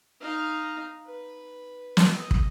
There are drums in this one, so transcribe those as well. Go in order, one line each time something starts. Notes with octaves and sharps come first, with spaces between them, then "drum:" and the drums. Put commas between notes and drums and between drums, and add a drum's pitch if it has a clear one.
D#4 F5
B4
drum: snare
D#5
drum: kick